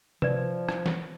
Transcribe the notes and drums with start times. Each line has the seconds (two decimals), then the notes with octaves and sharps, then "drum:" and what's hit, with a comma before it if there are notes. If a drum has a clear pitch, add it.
0.22 F3 B4 D5, drum: tom C3
0.69 drum: rim click
0.86 drum: snare